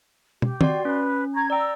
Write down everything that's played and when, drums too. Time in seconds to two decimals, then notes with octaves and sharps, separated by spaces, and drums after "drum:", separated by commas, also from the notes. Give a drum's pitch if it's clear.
0.42 G4, drum: tom
0.61 F#4 D5 C6, drum: tom
0.85 C#4 B4
1.34 A#5 C#6 G#6
1.50 D5 G5 A#5 E6